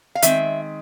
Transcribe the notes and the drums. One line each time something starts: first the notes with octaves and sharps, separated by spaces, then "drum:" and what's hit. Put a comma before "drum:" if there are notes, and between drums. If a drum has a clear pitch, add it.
F5
D#3 G#3 C4 E5, drum: hi-hat